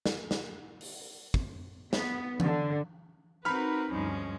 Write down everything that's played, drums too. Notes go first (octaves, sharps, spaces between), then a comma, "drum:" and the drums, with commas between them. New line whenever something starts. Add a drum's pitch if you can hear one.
drum: snare
drum: snare
drum: open hi-hat
drum: kick
B3, drum: snare
D3, drum: tom E3
C4 D#4 F#4 A#4 B4 B5 F6
D2 G2 F3 G#3 C#4